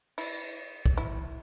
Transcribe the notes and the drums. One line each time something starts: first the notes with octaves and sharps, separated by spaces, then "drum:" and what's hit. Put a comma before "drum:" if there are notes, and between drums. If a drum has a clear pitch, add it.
E4, drum: cymbal
drum: kick
E4